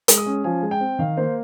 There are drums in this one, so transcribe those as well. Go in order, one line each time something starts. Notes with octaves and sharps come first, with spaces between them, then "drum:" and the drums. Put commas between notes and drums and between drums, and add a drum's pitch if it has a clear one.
G#3, drum: hi-hat
D#6
C#4
F3 G#5
G#3
G5
C4
D#3 F5
A#3 C5